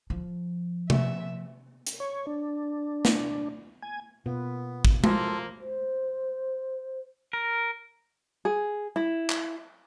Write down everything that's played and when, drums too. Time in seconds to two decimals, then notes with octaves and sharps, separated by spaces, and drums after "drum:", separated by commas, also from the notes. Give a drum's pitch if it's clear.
0.10 F3
0.90 E5, drum: tom C3
1.87 drum: hi-hat
2.00 C#5
2.27 D4
3.05 drum: snare
3.82 G#5
4.26 B2 A#3 B3 F4 B4
4.85 drum: kick
5.04 F3 A#3 F4 A4 C5, drum: tom G#3
5.60 C5
7.33 A#4
8.45 G#4
8.96 E4
9.30 drum: clap